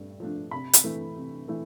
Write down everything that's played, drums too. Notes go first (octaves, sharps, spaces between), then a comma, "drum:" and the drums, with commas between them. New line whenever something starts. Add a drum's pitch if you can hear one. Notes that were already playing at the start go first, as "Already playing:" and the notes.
Already playing: G2 A3
F3 A3 D4
C3 B5
drum: hi-hat
E3 A3 E4
C3
E3 A3 E4